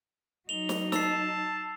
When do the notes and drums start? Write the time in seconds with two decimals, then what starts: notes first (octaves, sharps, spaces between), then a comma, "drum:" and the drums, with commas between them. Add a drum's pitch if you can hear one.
0.49 F#3 D#4 F7 G7
0.69 drum: snare
0.92 A5 E6 C7, drum: snare